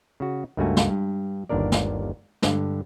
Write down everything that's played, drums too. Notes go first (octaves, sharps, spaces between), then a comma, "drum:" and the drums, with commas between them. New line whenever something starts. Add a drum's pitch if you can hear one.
C#3 F#4
C#2 G2 A3 A#3 F#4 G#5
drum: snare
G2
G1 D#2 D4 A#4 D5
drum: snare
G2 D3, drum: snare